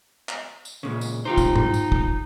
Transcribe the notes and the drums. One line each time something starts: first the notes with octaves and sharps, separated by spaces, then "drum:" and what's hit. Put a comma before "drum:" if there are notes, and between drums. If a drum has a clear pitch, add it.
drum: clap
drum: tambourine
A#2 C#3
drum: tambourine
D#4 F4 G4 C5
drum: kick, tambourine
drum: tom G#2
drum: tambourine
drum: kick